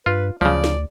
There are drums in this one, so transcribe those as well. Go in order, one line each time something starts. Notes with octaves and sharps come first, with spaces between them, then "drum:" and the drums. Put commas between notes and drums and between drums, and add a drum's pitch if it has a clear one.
G2 F4 B4
D2 C#3 F3 D5, drum: tom F#3
drum: snare